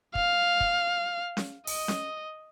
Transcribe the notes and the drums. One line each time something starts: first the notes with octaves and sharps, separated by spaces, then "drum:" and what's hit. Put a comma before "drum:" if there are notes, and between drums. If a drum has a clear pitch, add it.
F5, drum: kick
drum: kick
drum: snare C#4
D#5, drum: open hi-hat
drum: snare C#4